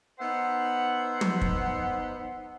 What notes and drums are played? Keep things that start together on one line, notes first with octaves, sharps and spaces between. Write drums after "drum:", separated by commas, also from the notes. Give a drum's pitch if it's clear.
B3 D#4 C5 E5 F#5
drum: tom
drum: kick